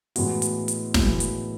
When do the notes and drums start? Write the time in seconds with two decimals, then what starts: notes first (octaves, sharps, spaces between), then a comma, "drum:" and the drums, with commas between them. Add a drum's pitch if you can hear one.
0.16 A2 E3 G#3 B3 F#4, drum: open hi-hat
0.42 drum: hi-hat
0.68 drum: hi-hat
0.94 A2 E3 G#3 B3 F#4, drum: snare
1.20 drum: hi-hat